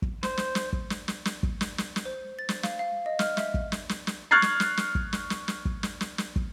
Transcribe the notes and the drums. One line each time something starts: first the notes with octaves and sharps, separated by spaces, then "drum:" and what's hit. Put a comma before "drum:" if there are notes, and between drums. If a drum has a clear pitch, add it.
drum: kick
C5, drum: snare
drum: snare
drum: snare
drum: kick
drum: snare
drum: snare
drum: snare
drum: kick
drum: snare
drum: snare
drum: snare
C5
A6
drum: snare
F5, drum: snare
F5
D#5
F6, drum: snare
E5, drum: snare
drum: kick
drum: snare
drum: snare
drum: snare
C#6 F6 F#6 G#6 A6 C7
drum: snare
drum: snare
drum: snare
drum: kick
drum: snare
drum: snare
drum: snare
drum: kick
drum: snare
drum: snare
drum: snare
drum: kick